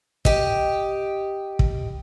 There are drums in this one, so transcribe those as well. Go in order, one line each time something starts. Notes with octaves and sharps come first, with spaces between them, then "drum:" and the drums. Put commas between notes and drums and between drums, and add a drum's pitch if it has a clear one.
G4 D#5, drum: kick
drum: kick